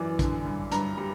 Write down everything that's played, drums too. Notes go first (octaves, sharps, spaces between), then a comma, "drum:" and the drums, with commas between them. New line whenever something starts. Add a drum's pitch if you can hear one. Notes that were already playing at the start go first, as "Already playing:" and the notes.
Already playing: F#2 E3 D5
D3, drum: kick, hi-hat
G2
G2 A#5, drum: hi-hat
G3